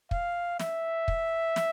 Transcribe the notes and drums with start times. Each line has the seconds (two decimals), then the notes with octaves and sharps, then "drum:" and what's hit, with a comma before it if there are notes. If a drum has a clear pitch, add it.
0.11 F5, drum: kick
0.60 E5, drum: snare
1.08 drum: kick
1.56 drum: snare